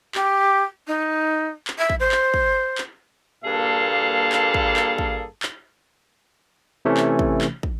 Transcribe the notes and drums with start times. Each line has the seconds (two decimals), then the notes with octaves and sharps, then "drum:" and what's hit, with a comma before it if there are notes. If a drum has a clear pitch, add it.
0.15 G4, drum: clap
0.87 D#4
1.67 drum: clap
1.78 E5
1.90 drum: kick
2.00 C5
2.12 drum: clap
2.34 drum: kick
2.78 drum: clap
3.44 G2 A#2 A#3 G#4 A4 F5
4.32 drum: clap
4.54 drum: kick
4.76 drum: clap
4.98 drum: kick
5.43 drum: clap
6.85 C3 E3 A3 C#4
6.97 drum: clap
7.19 drum: kick
7.41 drum: clap
7.63 drum: kick